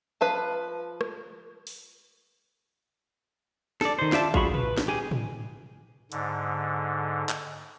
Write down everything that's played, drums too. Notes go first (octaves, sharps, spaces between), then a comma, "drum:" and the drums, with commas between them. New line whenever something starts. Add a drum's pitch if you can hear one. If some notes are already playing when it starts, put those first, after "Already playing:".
F3 B4 F5 A5
drum: rim click
drum: open hi-hat
A4 D5, drum: snare
D#3 C5
F4 D5 E5 A5, drum: snare
F4 F#4 G#4 B5 C#6, drum: kick
B4, drum: tom
drum: snare
G4 G#4 G#5
drum: tom
G#2 D3, drum: hi-hat
drum: clap